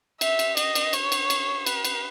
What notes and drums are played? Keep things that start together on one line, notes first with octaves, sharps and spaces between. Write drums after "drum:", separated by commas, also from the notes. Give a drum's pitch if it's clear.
E5, drum: cymbal
drum: cymbal
D#5, drum: cymbal
drum: cymbal
C#5, drum: cymbal
drum: cymbal
drum: cymbal
B4, drum: cymbal
drum: cymbal